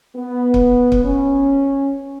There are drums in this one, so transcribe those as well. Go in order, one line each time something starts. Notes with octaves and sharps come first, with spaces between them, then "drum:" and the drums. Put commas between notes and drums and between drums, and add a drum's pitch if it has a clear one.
B3
drum: kick
drum: kick
C#4